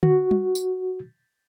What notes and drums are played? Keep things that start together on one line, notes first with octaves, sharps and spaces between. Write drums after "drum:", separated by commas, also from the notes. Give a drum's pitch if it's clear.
F#4, drum: tom D3
drum: tom G3
drum: tambourine